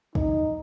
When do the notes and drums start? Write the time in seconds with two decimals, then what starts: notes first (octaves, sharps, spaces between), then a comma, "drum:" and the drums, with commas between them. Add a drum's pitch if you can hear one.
0.15 D#4, drum: kick